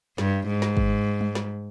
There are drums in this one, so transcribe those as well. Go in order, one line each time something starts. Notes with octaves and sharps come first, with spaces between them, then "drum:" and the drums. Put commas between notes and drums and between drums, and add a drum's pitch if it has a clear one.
G2, drum: snare
G#2
drum: snare
drum: kick
drum: tom G3
drum: snare